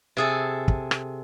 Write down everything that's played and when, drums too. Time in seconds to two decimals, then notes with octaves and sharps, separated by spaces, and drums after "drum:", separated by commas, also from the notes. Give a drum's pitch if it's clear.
0.17 C3 G#4 A4
0.68 drum: kick
0.91 drum: rim click